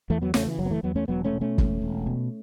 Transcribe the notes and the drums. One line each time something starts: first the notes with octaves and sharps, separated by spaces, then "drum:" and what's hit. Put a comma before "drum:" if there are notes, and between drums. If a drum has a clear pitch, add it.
E2 E3 A3
F#3 B3
C#3 A3 C#4, drum: snare
E3
F#1 F#3
B3
E3 A3
E2 F#3 B3
A3 C#4
E1 F#3 B3
A3 C#4
B2
A3 C#4
E1, drum: kick
E1
B2